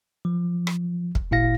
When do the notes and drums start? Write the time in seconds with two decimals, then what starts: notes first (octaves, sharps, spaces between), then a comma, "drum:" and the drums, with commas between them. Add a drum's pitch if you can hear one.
0.25 F3
0.67 drum: rim click
1.15 drum: kick
1.31 G#1 A#2 E4 F5 A#6